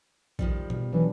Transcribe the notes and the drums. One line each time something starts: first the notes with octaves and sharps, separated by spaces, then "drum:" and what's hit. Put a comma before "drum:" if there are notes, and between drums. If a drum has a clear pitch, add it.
D#3 F3 G3, drum: kick A#1
B2, drum: tom E3
E3 F#3 D4